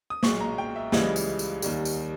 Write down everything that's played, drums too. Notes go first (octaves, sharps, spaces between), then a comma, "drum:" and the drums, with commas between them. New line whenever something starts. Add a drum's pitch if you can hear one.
D#6
B1 A#2 G#3 C#6, drum: snare A#3
A#5
G5
E5
C#2 C#3 E3 G3 D#5, drum: snare A#3
drum: tambourine
drum: tambourine
D#2 D#3 G3, drum: tambourine
drum: tambourine